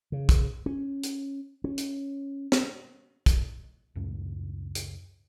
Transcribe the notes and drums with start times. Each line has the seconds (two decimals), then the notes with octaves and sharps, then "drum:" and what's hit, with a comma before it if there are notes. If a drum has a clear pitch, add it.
0.12 C#3
0.29 drum: kick, hi-hat
0.66 C#4
1.03 drum: hi-hat
1.64 C#4
1.78 drum: hi-hat
2.52 drum: snare
3.26 drum: kick, hi-hat
3.95 C#2 F#2 A2 C#3
4.75 drum: hi-hat